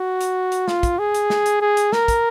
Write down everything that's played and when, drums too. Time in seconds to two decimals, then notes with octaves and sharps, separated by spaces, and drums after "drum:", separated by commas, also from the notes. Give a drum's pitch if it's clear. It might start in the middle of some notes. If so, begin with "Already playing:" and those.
Already playing: F#4
0.21 drum: hi-hat
0.52 drum: hi-hat
0.68 F4, drum: snare
0.83 drum: kick, hi-hat
0.99 G#4
1.14 drum: hi-hat
1.30 drum: snare
1.46 drum: hi-hat
1.61 G#4
1.77 drum: hi-hat
1.93 A#4, drum: snare
2.08 drum: kick, hi-hat